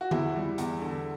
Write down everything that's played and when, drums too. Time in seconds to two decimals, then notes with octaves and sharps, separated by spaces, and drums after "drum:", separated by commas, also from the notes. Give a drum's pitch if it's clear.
0.01 F#4
0.11 E2 E4, drum: tom D3
0.36 G3
0.58 E2, drum: hi-hat
0.82 D3